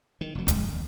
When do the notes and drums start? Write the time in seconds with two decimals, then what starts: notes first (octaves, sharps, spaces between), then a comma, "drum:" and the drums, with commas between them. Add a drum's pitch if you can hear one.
0.21 D#3
0.35 F1 F#3
0.48 F2 G#2 G#3, drum: kick, hi-hat
0.72 D#2